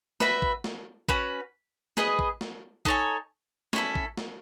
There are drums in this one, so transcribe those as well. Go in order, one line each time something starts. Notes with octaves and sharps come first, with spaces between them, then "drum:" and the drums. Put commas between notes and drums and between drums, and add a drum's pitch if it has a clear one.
F#4 B4 E5, drum: snare
drum: kick A1
drum: snare
C#4 F#4 B4, drum: kick A1
G#4 B4 D#5, drum: snare
drum: kick A1
drum: snare
D#4 A4 C#5 G#5, drum: kick A1
C#4 E4 A4, drum: snare
drum: kick A1
drum: snare